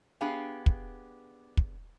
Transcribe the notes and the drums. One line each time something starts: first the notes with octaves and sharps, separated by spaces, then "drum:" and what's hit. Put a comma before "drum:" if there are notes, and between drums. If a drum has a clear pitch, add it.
B3 D4 G4 G#4 F5
drum: kick
drum: kick